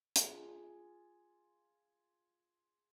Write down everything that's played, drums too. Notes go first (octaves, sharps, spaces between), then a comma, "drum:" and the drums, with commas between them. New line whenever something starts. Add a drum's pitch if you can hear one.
F4 G#4, drum: hi-hat